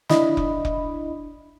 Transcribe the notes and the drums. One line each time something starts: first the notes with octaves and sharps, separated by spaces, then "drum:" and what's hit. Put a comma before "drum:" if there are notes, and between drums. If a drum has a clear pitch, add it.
D4 E4 D#5 B5, drum: snare
drum: kick F1
drum: kick F1